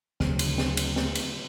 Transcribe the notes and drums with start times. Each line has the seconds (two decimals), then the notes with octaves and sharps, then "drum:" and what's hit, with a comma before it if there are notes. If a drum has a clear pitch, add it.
0.20 D2 C#3 F#3, drum: snare C4
0.39 drum: cymbal
0.58 drum: snare C4
0.77 drum: cymbal
0.96 drum: snare C4
1.15 drum: cymbal